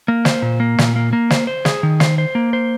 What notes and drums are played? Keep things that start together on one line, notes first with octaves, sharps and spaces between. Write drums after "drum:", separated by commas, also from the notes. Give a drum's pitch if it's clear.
A#3
C5, drum: snare
A#2
A#3
A#2, drum: snare
A#3
A#3
C5, drum: snare
C5
G#4, drum: snare
D#3
C5, drum: snare
C5
A#3
C5